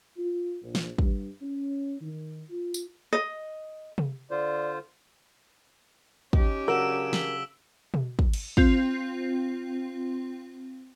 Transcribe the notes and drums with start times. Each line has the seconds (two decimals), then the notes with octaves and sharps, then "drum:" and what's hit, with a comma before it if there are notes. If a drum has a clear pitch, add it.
0.18 F4
0.62 A#1
0.75 drum: snare
0.98 G2, drum: kick
1.42 C#4
2.01 D#3
2.50 F4
2.74 drum: tambourine
3.13 D#5
3.98 drum: tom C3
4.31 D3 F4 C5 D5
6.33 C#4 D#4 G4, drum: kick
6.68 C#3 F#3 D4 A#4 E6 D7 E7
7.13 B6 F#7 G7, drum: snare
7.94 drum: tom B2
8.19 drum: kick
8.33 drum: cymbal
8.57 C4 F4, drum: kick